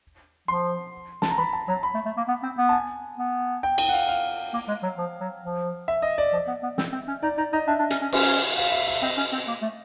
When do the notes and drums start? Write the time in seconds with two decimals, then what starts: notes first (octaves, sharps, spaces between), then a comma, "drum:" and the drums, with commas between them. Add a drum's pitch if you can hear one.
0.48 F3 C6
1.22 A5, drum: snare
1.30 A#5
1.38 E3 B5
1.53 A5
1.68 F#3 A#5
1.83 B5
1.94 A3
2.06 A3
2.17 A#3
2.28 B3
2.43 C4
2.58 B3
2.69 A5
2.73 G#5
3.18 B3
3.63 G5
3.78 G5, drum: cymbal
3.89 F#5
3.93 F5
4.08 F5
4.53 A#3
4.68 G#3
4.83 F#3
4.98 F3
5.21 F#3
5.43 F3
5.88 E5
6.02 D#5
6.18 D5
6.33 F3
6.48 B3
6.63 B3
6.78 C4, drum: snare
6.93 C4
7.08 C#4
7.23 D#4 D5
7.38 D#4 D5
7.53 D#4 D#5
7.68 D4 E5
7.79 D4
7.90 C#4, drum: hi-hat
8.02 C#4
8.13 C#4, drum: cymbal
8.58 F5
8.72 E5
8.87 E5
9.02 C4 D#5
9.17 C#4
9.33 C4
9.48 A#3
9.62 A3